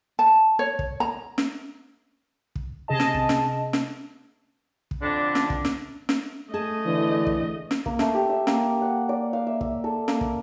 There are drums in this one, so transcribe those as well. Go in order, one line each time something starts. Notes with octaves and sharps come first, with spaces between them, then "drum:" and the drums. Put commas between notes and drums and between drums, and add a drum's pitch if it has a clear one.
A5
C#5
drum: kick
A#5
drum: snare
drum: kick
C3 G#4 D#5 A5
drum: snare
drum: kick
drum: snare
drum: snare
drum: kick
F2 D3 D4
drum: snare
drum: kick
drum: snare
drum: snare
A3 G#4 D#5 A5
D3 E3
drum: kick
drum: snare
A#3, drum: kick
A3, drum: snare
G4
E5
A#3, drum: snare
F#5
D5
F5
E5
E5, drum: kick
A4
A#3, drum: snare
drum: kick